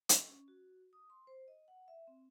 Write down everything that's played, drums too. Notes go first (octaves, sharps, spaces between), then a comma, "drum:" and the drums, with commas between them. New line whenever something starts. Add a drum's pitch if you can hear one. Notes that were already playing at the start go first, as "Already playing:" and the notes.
D#5, drum: hi-hat
C#4
F#4
D#6
C6
C5
D#5
F#5
E5
C4